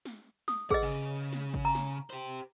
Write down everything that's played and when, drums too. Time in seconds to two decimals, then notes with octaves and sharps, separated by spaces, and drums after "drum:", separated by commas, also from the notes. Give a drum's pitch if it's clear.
0.05 drum: snare
0.48 D#6, drum: snare
0.70 G#4 B4 D#5 F#5, drum: kick
0.82 C#3
1.33 drum: snare
1.54 drum: kick
1.65 A#5
1.75 drum: snare
2.10 G4 C5